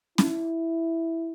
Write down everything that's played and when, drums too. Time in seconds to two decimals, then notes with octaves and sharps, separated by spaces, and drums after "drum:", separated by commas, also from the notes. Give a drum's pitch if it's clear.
0.18 E4, drum: snare C#4